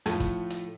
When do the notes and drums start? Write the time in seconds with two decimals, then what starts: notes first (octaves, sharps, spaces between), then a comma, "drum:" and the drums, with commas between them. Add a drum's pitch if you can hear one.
0.06 A2 F3 A3, drum: rim click
0.20 drum: kick, hi-hat
0.50 drum: hi-hat